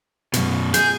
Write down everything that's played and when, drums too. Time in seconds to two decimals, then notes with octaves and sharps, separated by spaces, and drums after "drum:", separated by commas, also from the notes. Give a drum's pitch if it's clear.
0.34 F#2 B2, drum: hi-hat
0.74 G#4 G6, drum: hi-hat